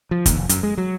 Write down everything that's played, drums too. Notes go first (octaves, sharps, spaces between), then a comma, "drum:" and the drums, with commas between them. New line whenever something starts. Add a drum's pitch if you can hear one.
F3
D#2, drum: kick, hi-hat
F1
F#2, drum: hi-hat
G#3
F#3